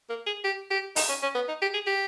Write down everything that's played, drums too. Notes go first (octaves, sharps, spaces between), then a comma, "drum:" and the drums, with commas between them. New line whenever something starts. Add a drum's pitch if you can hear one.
A#3
G#4
G4
G4
D#4, drum: open hi-hat
C#4
C#4
B3
D#4
G4
G#4
G4